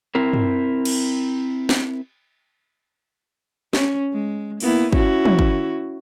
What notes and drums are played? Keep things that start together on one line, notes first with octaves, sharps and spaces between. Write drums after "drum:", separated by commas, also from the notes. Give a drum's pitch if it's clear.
C4 E4 A#4
drum: tom
drum: cymbal
drum: snare
C#4, drum: snare
G#3
A#3 B3 E4, drum: open hi-hat
C#4 E4 F#4, drum: kick
drum: tom
drum: kick